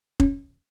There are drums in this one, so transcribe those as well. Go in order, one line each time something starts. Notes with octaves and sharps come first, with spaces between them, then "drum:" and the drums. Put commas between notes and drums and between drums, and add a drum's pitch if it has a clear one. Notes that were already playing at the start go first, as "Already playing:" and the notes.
C#4, drum: kick F1